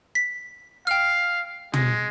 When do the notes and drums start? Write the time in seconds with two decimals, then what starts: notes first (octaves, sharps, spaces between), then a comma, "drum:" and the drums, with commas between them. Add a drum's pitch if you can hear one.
0.15 B6
0.87 F5 G5 F6
1.74 G#3, drum: tom